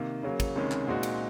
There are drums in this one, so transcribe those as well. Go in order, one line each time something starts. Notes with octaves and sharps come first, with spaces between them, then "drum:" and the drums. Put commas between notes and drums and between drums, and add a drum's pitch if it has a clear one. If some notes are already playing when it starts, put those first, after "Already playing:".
Already playing: C3 D#3 A#3
C#3 F#3 A#3
drum: kick, cymbal
C#2 C3 D#3 G#3 C#4
drum: clap
A#2 G#3 C4 D#4 F#4
drum: cymbal